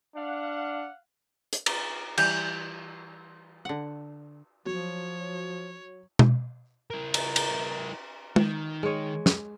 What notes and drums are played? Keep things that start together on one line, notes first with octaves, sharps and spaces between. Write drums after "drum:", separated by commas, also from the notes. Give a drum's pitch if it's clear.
D4 F5 F#5
drum: hi-hat
drum: cymbal
E3 G3 G6, drum: cymbal
D3 F#5
F3 F#3 C#5
drum: tom B2
E4 A#4
drum: cymbal
drum: cymbal
D#3, drum: tom
G#3 C#5
drum: snare